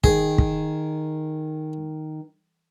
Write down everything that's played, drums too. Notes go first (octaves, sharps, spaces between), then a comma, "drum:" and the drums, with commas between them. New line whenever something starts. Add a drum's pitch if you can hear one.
D#3 G#4, drum: kick
drum: kick